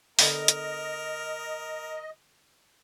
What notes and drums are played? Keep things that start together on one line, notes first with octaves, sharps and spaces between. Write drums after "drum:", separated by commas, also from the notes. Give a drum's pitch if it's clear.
D3 B3 G4 A#4 D#5, drum: open hi-hat
drum: hi-hat